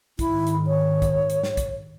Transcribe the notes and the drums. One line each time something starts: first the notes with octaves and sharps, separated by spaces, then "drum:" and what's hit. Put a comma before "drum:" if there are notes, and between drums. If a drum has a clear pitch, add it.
G#2 D#3 E4, drum: kick A#1, hi-hat
drum: hi-hat
C#5
drum: kick A#1, hi-hat
drum: hi-hat
drum: snare
drum: kick A#1, hi-hat